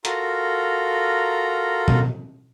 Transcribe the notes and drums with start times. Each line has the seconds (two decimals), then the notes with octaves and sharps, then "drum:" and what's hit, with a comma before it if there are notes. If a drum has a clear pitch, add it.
0.05 F4 F#4 A4 A#4 A#5, drum: hi-hat
1.88 drum: tom B2